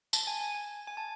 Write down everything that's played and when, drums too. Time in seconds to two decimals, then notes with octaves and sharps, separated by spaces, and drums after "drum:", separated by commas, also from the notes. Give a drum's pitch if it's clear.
0.13 A5, drum: tambourine
0.27 G#5
0.41 G#5
0.55 G#5
0.88 G#5
0.97 A5